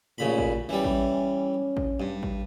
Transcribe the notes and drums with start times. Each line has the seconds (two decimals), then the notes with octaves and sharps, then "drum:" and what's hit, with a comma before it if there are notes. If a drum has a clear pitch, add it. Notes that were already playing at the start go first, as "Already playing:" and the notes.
0.18 A1 A#2 C#3 B5
0.38 drum: kick A1
0.69 E3 G3 C#4
0.84 drum: kick A1
1.77 drum: kick A1
2.00 G2
2.23 drum: kick A1